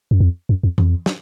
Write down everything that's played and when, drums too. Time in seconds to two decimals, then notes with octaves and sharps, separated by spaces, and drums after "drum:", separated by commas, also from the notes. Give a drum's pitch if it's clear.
0.11 F#2
0.20 F2
0.49 F#2
0.63 F2
0.78 F2, drum: tom E3
1.06 drum: snare